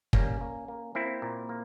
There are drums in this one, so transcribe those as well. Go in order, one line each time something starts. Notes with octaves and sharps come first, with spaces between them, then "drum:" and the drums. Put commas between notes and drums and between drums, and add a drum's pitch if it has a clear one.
G3 A#3 C#4, drum: kick
A#3
A#3
A#3 C4 E4
A#2
A#3